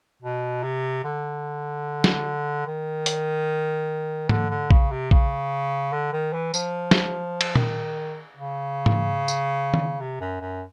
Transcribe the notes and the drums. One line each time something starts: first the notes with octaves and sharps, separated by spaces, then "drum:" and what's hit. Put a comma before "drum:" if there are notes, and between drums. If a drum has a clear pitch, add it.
B2
C3
D3
drum: snare
D#3
drum: hi-hat
D3, drum: tom G#2
D3
C#3, drum: kick A#1
C3
C#3, drum: kick A#1
D3
D#3
E3
F3, drum: tambourine
drum: snare
drum: cymbal
D#3, drum: tom A#2
C#3
drum: tom G#2
drum: tambourine
drum: tom D#3
C3
F#2
F#2